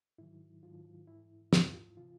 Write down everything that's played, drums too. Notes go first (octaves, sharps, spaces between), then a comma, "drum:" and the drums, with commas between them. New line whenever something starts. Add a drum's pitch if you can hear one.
G#2 D#3 F#3 E4
G#2 D#3 F#3 F4
G#2 E3 E4
G#2 E3 F4, drum: snare
C3 E3 F4